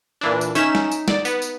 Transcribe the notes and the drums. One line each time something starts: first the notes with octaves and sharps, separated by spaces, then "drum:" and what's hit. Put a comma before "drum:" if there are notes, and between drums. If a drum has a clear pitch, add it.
A#2 E3 D4
drum: tambourine
C#4 D#4 E5 E7, drum: tambourine
drum: snare
drum: tambourine
D5, drum: snare
B3, drum: tambourine
drum: tambourine